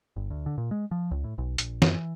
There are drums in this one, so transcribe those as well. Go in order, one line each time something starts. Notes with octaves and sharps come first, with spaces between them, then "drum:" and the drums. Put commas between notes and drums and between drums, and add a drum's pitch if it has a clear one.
G1
D2
D3
A#2
G#3
F3
C#2
A2
B1
A#1, drum: hi-hat
F#2, drum: snare
E3